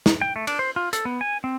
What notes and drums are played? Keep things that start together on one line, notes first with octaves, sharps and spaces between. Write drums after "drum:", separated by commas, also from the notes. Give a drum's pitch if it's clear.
drum: snare
G5
A3
D4, drum: cymbal
C5
F4
A4, drum: hi-hat
B3
G#5
C4